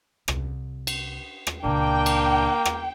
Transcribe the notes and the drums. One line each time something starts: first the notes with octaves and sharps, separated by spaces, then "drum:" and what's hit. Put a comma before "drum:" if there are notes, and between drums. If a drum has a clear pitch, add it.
C2, drum: rim click
drum: cymbal
drum: rim click
C#2 A#2 A#3 D4 G5
drum: cymbal
drum: rim click